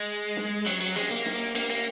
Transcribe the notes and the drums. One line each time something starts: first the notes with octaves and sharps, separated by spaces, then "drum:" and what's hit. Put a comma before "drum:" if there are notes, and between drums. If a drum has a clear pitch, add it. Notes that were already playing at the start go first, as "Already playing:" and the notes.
Already playing: G#3
drum: snare
F#3, drum: cymbal
F#3
G#3, drum: cymbal
A#3
drum: snare
A#3, drum: cymbal
A#3